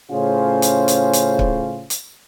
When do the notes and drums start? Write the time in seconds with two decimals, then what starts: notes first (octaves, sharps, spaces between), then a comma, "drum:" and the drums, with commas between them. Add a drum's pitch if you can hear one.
0.11 A2 C#3 C#4 F4 G#4 C5
0.62 drum: hi-hat
0.88 drum: hi-hat
1.13 drum: hi-hat
1.39 drum: kick
1.90 drum: hi-hat